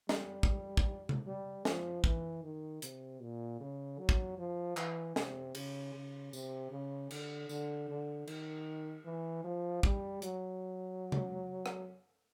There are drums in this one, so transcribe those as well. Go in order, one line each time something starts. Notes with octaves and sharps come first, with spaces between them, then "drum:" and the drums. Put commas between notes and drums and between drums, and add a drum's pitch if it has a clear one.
G3, drum: snare
drum: kick
drum: kick
drum: tom C3
G3
F3, drum: snare
E3, drum: kick
D#3
C3, drum: hi-hat
A#2
C#3
F#3
drum: kick
F3
E3, drum: clap
C3, drum: snare
C#3, drum: cymbal
C#3
C3, drum: tambourine
C#3
D3, drum: cymbal
D3, drum: tambourine
D3
D#3, drum: cymbal
E3
F3
G3, drum: kick
F#3, drum: hi-hat
drum: tom C3
drum: rim click